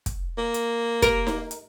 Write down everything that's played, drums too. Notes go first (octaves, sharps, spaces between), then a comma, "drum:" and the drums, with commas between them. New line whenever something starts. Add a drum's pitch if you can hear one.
drum: kick, hi-hat
A#3
drum: hi-hat
A#4, drum: kick, hi-hat
drum: snare D#4
drum: hi-hat